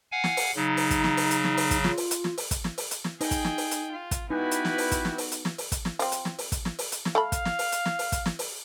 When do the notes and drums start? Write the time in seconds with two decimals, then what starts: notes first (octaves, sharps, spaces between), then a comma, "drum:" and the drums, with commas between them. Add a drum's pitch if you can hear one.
0.12 F5 F#5 G#5
0.24 drum: snare
0.37 drum: open hi-hat
0.56 C#3 F#3 D#4
0.77 drum: open hi-hat
0.91 drum: kick, hi-hat
1.04 drum: snare
1.17 drum: open hi-hat
1.31 drum: hi-hat
1.44 drum: snare
1.57 drum: open hi-hat
1.71 drum: kick, hi-hat
1.84 F4, drum: snare
1.97 drum: open hi-hat
2.11 drum: hi-hat
2.24 drum: snare
2.38 drum: open hi-hat
2.51 drum: kick, hi-hat
2.64 drum: snare
2.78 drum: open hi-hat
2.91 drum: hi-hat
3.04 drum: snare
3.21 D#4 G#4 G5, drum: open hi-hat
3.31 drum: kick, hi-hat
3.44 drum: snare
3.58 drum: open hi-hat
3.71 drum: hi-hat
3.91 F4
4.11 drum: kick, hi-hat
4.30 B3 D#4 E4 F#4 G4 B4 G#5
4.51 drum: hi-hat
4.65 drum: snare
4.78 drum: open hi-hat
4.91 drum: kick, hi-hat
5.05 drum: snare
5.18 drum: open hi-hat
5.32 drum: hi-hat
5.45 drum: snare
5.58 drum: open hi-hat
5.72 drum: kick, hi-hat
5.85 drum: snare
5.99 F3 C4, drum: open hi-hat
6.12 drum: hi-hat
6.25 drum: snare
6.38 drum: open hi-hat
6.52 drum: kick, hi-hat
6.65 drum: snare
6.79 drum: open hi-hat
6.92 drum: hi-hat
7.05 drum: snare
7.15 A3 A4 F5 B5
7.32 drum: kick, hi-hat
7.45 drum: snare
7.59 drum: open hi-hat
7.72 drum: hi-hat
7.85 drum: snare
7.99 drum: open hi-hat
8.12 drum: kick, hi-hat
8.26 drum: snare
8.39 drum: open hi-hat